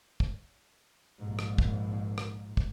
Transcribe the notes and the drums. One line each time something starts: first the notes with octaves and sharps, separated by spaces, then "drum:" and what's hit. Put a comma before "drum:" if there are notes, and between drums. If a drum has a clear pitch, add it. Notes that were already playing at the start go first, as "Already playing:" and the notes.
drum: kick
A#1 G#2
drum: rim click
drum: kick
drum: rim click
drum: kick